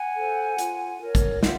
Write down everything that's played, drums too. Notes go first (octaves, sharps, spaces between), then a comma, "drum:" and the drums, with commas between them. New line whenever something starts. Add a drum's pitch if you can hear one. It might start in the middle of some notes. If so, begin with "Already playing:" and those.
Already playing: F#5 G#5
A4 C5
F4, drum: hi-hat
A#4 C#5
drum: kick, hi-hat
F4 E5 F#5, drum: snare